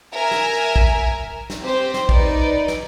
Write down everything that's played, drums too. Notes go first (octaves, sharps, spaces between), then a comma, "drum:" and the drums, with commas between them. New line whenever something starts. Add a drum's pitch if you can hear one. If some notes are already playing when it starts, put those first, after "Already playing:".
A#4 E5 G#5
drum: snare
drum: kick
drum: snare
C4 G4 C5
drum: snare
D#4 B4 D5, drum: kick
drum: snare